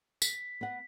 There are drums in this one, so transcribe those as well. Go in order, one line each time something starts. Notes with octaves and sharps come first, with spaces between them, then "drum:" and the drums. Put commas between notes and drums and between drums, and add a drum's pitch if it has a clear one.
B6, drum: tambourine
B3 F#5